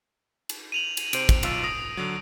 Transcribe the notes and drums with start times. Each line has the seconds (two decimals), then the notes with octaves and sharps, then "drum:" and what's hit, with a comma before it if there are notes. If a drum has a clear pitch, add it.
0.49 drum: cymbal
0.72 D#7 F7 F#7
0.97 drum: cymbal
1.13 C3 C5 D7, drum: cymbal
1.29 drum: kick, cymbal
1.43 B1 F4 E6, drum: cymbal
1.64 D#6 A#6
1.97 D3 F#3